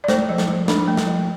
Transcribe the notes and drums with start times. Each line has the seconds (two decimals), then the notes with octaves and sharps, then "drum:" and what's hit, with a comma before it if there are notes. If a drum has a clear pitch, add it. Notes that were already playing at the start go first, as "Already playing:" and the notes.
0.04 D5
0.08 A3 C5, drum: snare
0.29 F3
0.38 drum: snare
0.48 F3
0.68 D4, drum: snare
0.87 A3
0.97 drum: snare
1.07 F3